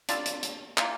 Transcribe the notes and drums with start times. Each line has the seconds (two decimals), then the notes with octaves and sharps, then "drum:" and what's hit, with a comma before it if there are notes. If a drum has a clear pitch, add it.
0.09 G3 D4 F4 A4, drum: hi-hat
0.26 drum: hi-hat
0.43 drum: hi-hat
0.78 C3 E3 A#3 F4, drum: clap